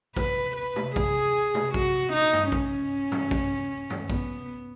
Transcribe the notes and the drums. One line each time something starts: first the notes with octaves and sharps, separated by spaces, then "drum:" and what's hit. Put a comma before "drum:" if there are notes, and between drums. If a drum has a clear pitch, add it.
B4, drum: kick A1
B4
drum: tom
G#4, drum: kick A1
drum: tom
F#4, drum: kick A1
D#4
drum: tom G2
C#4, drum: kick A1
drum: tom G2
drum: kick A1
drum: tom G2
B3, drum: kick A1